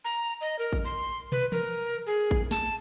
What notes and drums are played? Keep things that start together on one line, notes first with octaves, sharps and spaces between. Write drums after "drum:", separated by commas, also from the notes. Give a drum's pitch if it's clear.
A#5
D#5
A#4
drum: kick A1
C6
B4, drum: tom
A#4, drum: tom
G#4
drum: kick A1
A5, drum: snare